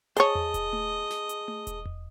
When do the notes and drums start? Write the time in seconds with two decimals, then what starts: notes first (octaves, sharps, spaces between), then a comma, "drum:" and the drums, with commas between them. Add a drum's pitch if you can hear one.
0.17 G#4 C5 C#5 D#5 A5, drum: hi-hat
0.35 drum: tom E2
0.54 drum: kick D#1, hi-hat
0.73 drum: tom A3
1.10 drum: snare
1.29 drum: hi-hat
1.48 drum: tom A3
1.67 drum: kick D#1, hi-hat
1.86 drum: tom E2